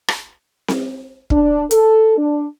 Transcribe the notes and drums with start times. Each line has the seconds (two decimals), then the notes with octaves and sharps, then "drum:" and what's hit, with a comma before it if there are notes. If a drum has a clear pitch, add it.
0.08 drum: rim click
0.68 drum: snare C4
1.30 D4, drum: kick
1.71 A4, drum: hi-hat
2.17 D4